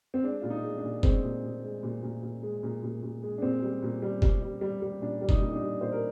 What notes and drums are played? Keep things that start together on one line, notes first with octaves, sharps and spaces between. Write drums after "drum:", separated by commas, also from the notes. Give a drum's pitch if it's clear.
C4
G#3 D4
A#2 F4
D#4
G#3
D4
A#2
G#3 C4, drum: kick
A#2
A#2
G#3
A#2
A#2
A#2
G#3
A#2
A#2
A#2
G#3
D4
A#2 C4
G3
A#2
G3
G3, drum: kick
G3
G3
G3
A#2 D4
G3
D#4, drum: kick
A#2
D#4
D4
G3
A#2 C5
A#4